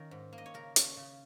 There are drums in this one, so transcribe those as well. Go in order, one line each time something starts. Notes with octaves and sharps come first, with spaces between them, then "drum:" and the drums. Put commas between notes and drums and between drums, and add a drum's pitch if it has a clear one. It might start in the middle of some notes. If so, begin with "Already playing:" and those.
Already playing: D#3 A#3 C#4 A#4
G#2
A#3
D#5
C#5
C#3 A#4
C#4, drum: hi-hat
C#3